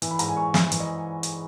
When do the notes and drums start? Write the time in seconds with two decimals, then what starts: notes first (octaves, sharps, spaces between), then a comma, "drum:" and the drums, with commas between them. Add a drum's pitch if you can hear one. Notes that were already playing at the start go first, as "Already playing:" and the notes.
0.02 E3, drum: hi-hat
0.11 B5
0.19 G#2 A#5, drum: hi-hat
0.28 G#5
0.36 G#2 C#6
0.54 E3, drum: snare
0.72 E3, drum: hi-hat
0.80 D#5
1.23 drum: hi-hat